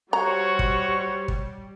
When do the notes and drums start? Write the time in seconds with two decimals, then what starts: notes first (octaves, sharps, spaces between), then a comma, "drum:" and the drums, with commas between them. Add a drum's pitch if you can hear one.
0.13 G3 F#4 C5 C#5 A#5
0.59 drum: kick
1.28 drum: kick